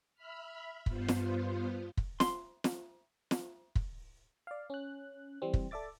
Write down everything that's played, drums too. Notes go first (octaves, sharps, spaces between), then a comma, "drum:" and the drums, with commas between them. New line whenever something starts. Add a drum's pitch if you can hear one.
E5 B5 F6
G2 B3 F4 C5, drum: kick
drum: snare
drum: kick
C6, drum: snare
drum: snare
drum: snare
drum: kick
D5 F5
C#4 F#6
E3 G3 C4
drum: kick
A4 D5 E5 D6 A6